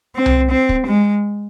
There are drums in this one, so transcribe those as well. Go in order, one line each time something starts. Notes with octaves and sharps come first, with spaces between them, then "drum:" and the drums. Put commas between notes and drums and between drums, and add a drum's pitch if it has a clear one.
C4
drum: tom C2
C4
drum: kick
G#3